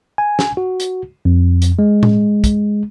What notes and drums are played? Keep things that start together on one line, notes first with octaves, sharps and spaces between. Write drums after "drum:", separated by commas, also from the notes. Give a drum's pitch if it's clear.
G#5
drum: snare
F#4
drum: hi-hat
F2
drum: hi-hat
G#3
drum: tom A2
drum: kick, hi-hat